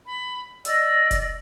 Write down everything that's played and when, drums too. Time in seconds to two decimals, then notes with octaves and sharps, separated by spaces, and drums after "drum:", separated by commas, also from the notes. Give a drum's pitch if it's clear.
0.07 B5
0.65 D5 D#5 E6, drum: hi-hat
1.11 drum: kick F1, hi-hat